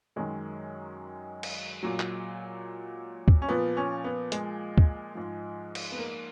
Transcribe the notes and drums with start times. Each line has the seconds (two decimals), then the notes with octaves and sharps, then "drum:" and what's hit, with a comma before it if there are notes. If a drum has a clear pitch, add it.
0.16 F#2 D#3 F#3 G#3
1.43 drum: cymbal
1.83 A#2 F#3
2.00 drum: clap
3.28 drum: kick
3.42 C#4
3.49 A#2 F3 B3
3.77 C#4
4.04 B3
4.32 G#3, drum: hi-hat
4.78 drum: kick
5.15 G#2 F3
5.75 drum: cymbal
5.92 B3
5.98 A#3